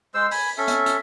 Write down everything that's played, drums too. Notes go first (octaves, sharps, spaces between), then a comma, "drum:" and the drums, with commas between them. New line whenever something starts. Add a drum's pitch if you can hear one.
G#3 C5 E6
G#5 B5, drum: open hi-hat
C#4 A4 E5
drum: hi-hat
drum: hi-hat